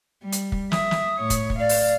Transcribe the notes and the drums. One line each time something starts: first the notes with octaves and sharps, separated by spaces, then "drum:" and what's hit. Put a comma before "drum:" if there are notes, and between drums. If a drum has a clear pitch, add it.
G3
drum: hi-hat
drum: kick
E5 D#6, drum: snare
drum: snare
A2 C#5
drum: kick, hi-hat
drum: kick
D5 F5
drum: open hi-hat